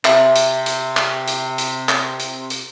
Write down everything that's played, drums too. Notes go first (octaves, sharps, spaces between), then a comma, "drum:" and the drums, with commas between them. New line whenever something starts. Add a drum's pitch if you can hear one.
C3 E5, drum: clap
drum: hi-hat
drum: hi-hat
drum: clap
drum: hi-hat
drum: hi-hat
drum: clap
drum: hi-hat
drum: hi-hat